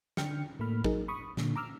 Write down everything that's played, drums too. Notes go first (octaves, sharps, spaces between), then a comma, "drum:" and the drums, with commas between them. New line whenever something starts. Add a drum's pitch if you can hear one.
D3 D4 G5 F6 C#7, drum: snare
A2 A3 A#3 B5 F6
F#3 D#4 G#4 A#4, drum: kick
B5 C#6 D#6
A#2 D3, drum: snare
A#5 D6 E6 F6